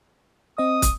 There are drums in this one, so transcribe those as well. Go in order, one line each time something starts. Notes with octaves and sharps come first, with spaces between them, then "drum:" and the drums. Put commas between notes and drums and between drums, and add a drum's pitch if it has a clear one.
C4 D#5 D#6
drum: kick, hi-hat